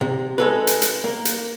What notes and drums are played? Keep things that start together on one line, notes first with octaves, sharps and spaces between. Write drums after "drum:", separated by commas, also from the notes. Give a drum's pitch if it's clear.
C3
G#3 A4 B4
drum: hi-hat
drum: hi-hat
A#3
drum: hi-hat